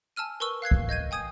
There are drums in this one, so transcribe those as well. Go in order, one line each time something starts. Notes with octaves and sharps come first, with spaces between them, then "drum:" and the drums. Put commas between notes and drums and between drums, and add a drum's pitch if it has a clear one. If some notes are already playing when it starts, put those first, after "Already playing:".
G#5 A5 E6 F6 D#7
A#4 B4 C#6 E6 G7
F5 F#6 G#6 C7
drum: kick
D#5 G6 G#6 D#7
G5 G#5 D#6 G#6 D#7